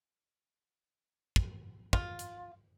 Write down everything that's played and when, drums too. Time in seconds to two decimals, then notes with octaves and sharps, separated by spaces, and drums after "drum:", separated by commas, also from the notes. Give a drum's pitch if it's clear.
1.36 drum: kick
1.93 F4, drum: kick
2.19 drum: hi-hat